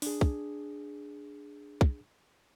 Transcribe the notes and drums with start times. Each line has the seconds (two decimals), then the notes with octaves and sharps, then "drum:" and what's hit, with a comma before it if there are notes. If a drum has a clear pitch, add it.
0.02 D4 G#4, drum: open hi-hat
0.21 drum: kick
1.81 drum: kick